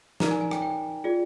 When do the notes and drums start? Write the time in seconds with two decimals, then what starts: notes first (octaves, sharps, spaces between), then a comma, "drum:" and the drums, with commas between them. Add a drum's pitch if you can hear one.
0.20 D#4 A#4 D5 A#5, drum: snare
0.31 G#5
0.41 G#5
0.51 G5, drum: rim click
0.62 G5
1.04 F4 G#4 D5